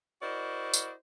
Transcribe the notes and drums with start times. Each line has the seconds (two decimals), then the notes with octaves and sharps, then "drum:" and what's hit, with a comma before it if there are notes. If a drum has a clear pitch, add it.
0.21 E4 F#4 A#4 C5 D5 D#5
0.74 drum: tambourine